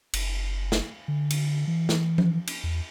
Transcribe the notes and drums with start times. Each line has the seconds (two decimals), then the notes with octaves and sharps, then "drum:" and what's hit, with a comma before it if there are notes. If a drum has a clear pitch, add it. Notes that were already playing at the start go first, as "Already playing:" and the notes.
0.13 F#1, drum: cymbal
0.72 drum: snare
1.08 D3
1.30 drum: cymbal
1.67 E3
1.89 drum: snare
2.18 drum: tom F3
2.47 drum: cymbal
2.64 E2